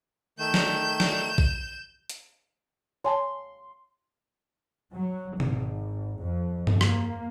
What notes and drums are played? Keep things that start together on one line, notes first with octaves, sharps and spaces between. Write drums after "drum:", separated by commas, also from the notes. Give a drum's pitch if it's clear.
D#3 A3 G6 E7
drum: snare
drum: snare
drum: kick A#1
drum: hi-hat
C#5 G#5 A5 C6
F#3
G#1, drum: tom B2
F2
drum: tom G2
A#3, drum: rim click